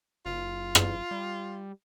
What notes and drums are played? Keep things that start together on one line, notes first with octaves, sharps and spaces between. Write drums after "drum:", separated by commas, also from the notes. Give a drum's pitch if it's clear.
F#1 F4
drum: rim click
G3